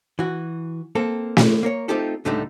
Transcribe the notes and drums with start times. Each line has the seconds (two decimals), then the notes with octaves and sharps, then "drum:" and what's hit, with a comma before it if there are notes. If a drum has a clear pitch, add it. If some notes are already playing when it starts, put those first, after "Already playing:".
0.19 E3 F#4
0.95 A#3 C4 A4
1.37 drum: snare
1.63 A#3 A#4 C#5
1.88 A3 C4 D#4 F4 G4 A4
2.25 C#2 A2 D3 G3 A3 D#4